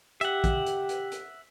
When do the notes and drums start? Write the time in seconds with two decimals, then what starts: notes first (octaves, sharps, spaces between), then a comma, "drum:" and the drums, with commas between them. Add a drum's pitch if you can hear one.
0.21 G4 E5 F#5, drum: hi-hat
0.44 drum: kick, hi-hat
0.66 drum: hi-hat
0.89 drum: hi-hat
1.12 drum: hi-hat